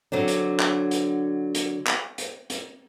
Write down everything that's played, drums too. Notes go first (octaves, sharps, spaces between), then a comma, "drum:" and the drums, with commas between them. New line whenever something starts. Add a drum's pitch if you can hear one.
D3 F#3 C4 D4
drum: hi-hat
drum: clap
drum: hi-hat
drum: hi-hat
drum: clap
drum: hi-hat
drum: hi-hat